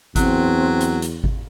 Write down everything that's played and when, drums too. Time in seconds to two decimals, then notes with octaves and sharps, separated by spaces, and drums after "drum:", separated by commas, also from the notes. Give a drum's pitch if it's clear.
0.16 E2 F#3 C4, drum: kick G#1, hi-hat
0.80 drum: hi-hat
1.02 drum: hi-hat
1.24 drum: kick G#1